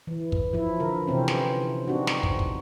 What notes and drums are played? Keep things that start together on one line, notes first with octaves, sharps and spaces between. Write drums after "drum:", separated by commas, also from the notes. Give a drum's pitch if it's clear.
E3
drum: kick
F3 E4
D3 A#4
C3 E3 C4 C#4
drum: snare
C4 D4 D#4 F#4
drum: snare
drum: kick
drum: kick